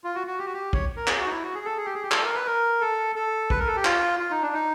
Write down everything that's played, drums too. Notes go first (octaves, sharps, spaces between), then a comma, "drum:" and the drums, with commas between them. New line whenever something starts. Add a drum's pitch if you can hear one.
F4
F#4
F#4
G4
F#4
G4
C#5, drum: kick
A#4
G#4, drum: clap
F#4
D#4
E4
F#4
G#4
A4
G#4
G4
G#4
G4
A4, drum: clap
A#4
B4
A#4
A4
A4
B4, drum: kick
A#4
A4
G4
F4, drum: clap
F4
D#4
D4
D#4